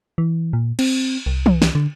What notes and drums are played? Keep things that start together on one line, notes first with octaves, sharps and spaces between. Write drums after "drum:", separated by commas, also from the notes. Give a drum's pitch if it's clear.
E3
A#2
C4, drum: cymbal
C2
drum: tom
drum: snare
D3